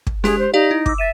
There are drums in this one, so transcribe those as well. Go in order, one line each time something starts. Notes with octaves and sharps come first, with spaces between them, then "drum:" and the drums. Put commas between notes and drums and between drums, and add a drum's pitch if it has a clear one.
drum: kick
G#3 G4 G#4, drum: snare
C5
D#4 G4 D5 F5
E4
D6 E6, drum: kick
E5 A6 D#7 E7